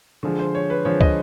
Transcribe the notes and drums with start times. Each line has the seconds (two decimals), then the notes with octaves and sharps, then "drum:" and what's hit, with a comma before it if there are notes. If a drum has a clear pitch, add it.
0.23 D3 F3 G#3
0.39 C5
0.55 C#5
0.70 B4
0.85 D3 F3 G#3 C#5
1.01 D#5, drum: kick